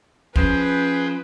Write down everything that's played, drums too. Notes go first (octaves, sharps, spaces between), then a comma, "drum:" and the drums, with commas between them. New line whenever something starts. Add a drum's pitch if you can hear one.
F3 C#4 G#4 B4 C5 G5, drum: kick